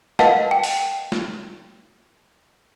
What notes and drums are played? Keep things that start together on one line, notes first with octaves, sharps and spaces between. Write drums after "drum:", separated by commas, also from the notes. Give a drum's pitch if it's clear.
A#4 B4 D#5 F5 F#5 A5, drum: snare
G5
drum: open hi-hat
drum: snare